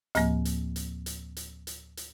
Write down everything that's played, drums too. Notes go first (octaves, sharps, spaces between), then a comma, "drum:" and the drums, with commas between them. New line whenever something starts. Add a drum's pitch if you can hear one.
D2 A2 F3 A#3, drum: hi-hat
drum: hi-hat
drum: hi-hat
drum: hi-hat
drum: hi-hat
drum: hi-hat
drum: hi-hat